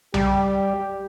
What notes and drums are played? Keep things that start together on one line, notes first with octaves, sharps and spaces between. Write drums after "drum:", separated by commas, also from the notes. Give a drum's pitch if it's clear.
G3 G4, drum: tom B1